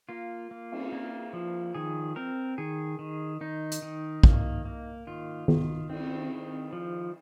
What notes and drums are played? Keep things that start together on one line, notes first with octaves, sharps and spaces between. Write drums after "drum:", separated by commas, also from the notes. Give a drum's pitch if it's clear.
A#3 F4
A#3
drum: cymbal
A#3
F3
D#3 G#4
C4 A#4
D#3 G#4
D#3
D#3 D#4
drum: hi-hat
D#3
A#3, drum: kick
A#3
D#3 F4
D#3, drum: tom D#3
C4, drum: cymbal
D#3
F3